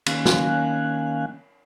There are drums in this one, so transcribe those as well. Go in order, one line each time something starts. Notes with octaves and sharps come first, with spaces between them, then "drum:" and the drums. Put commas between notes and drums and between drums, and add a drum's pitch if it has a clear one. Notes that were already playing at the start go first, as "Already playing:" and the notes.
D#3 A#3 C#4 F5 G#5 F#6, drum: cymbal
drum: snare